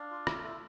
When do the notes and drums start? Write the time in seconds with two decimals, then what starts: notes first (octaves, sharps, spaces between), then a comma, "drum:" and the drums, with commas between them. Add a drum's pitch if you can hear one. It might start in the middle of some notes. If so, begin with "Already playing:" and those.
Already playing: D4 D5 F5
0.11 F4
0.27 A3, drum: rim click
0.44 E4